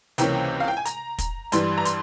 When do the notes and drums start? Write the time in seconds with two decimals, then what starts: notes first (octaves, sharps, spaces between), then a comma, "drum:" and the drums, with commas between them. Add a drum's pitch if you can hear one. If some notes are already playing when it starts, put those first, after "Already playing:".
0.18 C#2 C3 E3 A#3 C#4 G5, drum: hi-hat
0.60 F5
0.68 G5
0.77 G#5
0.85 A#5, drum: hi-hat
1.18 drum: kick, hi-hat
1.52 G2 E3 G3 C6, drum: hi-hat
1.78 A#5
1.85 C6, drum: hi-hat